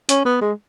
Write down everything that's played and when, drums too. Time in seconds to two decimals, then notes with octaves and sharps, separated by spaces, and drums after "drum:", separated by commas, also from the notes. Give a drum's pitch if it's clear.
0.09 C#4, drum: hi-hat
0.25 B3
0.41 G#3